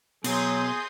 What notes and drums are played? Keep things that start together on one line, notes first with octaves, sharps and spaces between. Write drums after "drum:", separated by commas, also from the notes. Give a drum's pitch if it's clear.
B2 F#3 G#4 C6 D#6 G6, drum: cymbal